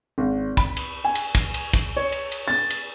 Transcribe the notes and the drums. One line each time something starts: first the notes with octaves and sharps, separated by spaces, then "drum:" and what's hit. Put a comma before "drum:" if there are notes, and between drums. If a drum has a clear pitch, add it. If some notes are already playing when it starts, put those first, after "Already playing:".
G#1
B5, drum: kick
drum: cymbal
G#5
drum: cymbal
drum: kick, cymbal
drum: cymbal
drum: kick, cymbal
C#5
drum: cymbal
drum: cymbal
A6
drum: cymbal